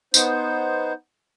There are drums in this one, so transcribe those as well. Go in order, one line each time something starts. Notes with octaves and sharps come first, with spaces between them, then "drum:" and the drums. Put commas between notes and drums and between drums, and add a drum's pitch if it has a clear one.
B3 D#4 C5, drum: tambourine